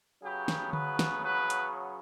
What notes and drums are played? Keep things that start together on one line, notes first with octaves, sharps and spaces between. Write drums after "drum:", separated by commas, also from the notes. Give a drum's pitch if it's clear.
C#3 F#3 B3 G4
drum: snare
B4, drum: tom D3
drum: snare
B4
drum: hi-hat